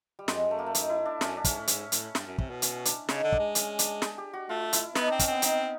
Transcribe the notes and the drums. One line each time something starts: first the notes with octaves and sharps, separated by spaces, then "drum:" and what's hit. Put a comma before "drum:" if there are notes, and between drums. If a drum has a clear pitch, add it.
G3
F#2 G#3, drum: snare
F2
F#2 A3
A#3
A3
D#4, drum: hi-hat
E4
D4
F#2 C#4, drum: snare
D4
G#2 C#4, drum: kick, hi-hat
A2
G#2, drum: hi-hat
A2, drum: hi-hat
G2, drum: snare
F#2
C3, drum: kick
B2
C#4, drum: hi-hat
D4, drum: hi-hat
C#3 D#4, drum: snare
D3
D4, drum: kick
G#3
C#4, drum: hi-hat
D4, drum: hi-hat
G#4, drum: snare
G4
F#4
A3 F4
E4, drum: hi-hat
B3 D#4, drum: snare
C4 D4
C#4, drum: kick, hi-hat
B3 C4
D#4, drum: hi-hat